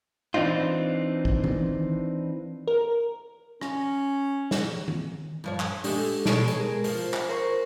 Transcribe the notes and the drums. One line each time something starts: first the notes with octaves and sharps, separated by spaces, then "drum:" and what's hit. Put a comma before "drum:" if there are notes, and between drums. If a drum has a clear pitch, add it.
E3 C4 D4 D#4 F4
drum: kick
drum: tom D#3
A#4
C#4, drum: rim click
drum: snare
drum: tom D#3
G2 F3 C#5
drum: clap
G#3 A3 D4 G4, drum: open hi-hat
B2 G#3 C#5 A5 C#6 D7, drum: snare
drum: hi-hat
G#4 A#4
F3 F4, drum: open hi-hat
drum: clap
A#4 C5 C#6